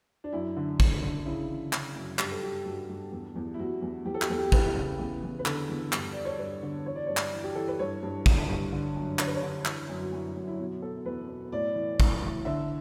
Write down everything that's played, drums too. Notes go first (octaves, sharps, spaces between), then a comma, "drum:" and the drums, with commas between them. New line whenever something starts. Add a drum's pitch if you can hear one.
D4
F#2 E4
D3
D3, drum: kick
D3
C#3 E4
E3
C#3, drum: clap
F#2
G2 G4, drum: clap
A4
G2 G4
G2 F#4
G2
E2
E2
E4
E2 F#4
E2
E2 G4
A4
G4, drum: clap
E2 A4
G4
E3 B4, drum: kick
C#3
E2
E2
B4
D3 A4, drum: clap
E2
G2, drum: clap
G2 D5
C#5
G2 B4
D3
E3 C#5
D5
G2 C#5
drum: clap
E3
G4
E3 A4
B4
G2 C#5
G2
D3, drum: kick
G2
D3
F#2
D3 C#5, drum: clap
B4
C#5
D3
E3, drum: clap
F#2
F#4
F#2 E4
F#2
E4
B2 F#4
B2 A4
E2 B4
B2
A2 D5
E3
A2, drum: kick
E3
D3 E5